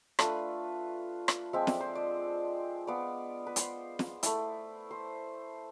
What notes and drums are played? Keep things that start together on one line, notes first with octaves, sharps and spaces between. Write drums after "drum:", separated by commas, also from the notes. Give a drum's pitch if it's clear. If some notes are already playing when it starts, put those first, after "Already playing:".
A3 D4 F4 B4, drum: rim click
drum: rim click
F3 G#3 C4 E5
D5, drum: snare
C5
D5
B3 F4 D5
B4
C5, drum: hi-hat
drum: snare
A3 E4, drum: hi-hat
C5